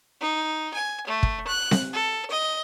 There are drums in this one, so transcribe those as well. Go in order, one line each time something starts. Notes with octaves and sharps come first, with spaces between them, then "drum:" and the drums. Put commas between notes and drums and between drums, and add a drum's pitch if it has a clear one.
D#4
G#5
A3
drum: kick
F#6
drum: snare C4
A4
D#5